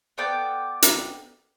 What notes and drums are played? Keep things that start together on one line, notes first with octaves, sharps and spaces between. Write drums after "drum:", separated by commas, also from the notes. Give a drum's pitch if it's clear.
B3 A4 D5 G5
drum: hi-hat